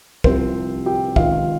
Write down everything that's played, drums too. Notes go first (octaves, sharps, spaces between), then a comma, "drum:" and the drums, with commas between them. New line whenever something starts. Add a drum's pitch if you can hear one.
C2 C3 F3 C4 C5, drum: kick
G4 G5
C#2 C3 D#3 F4 F5, drum: kick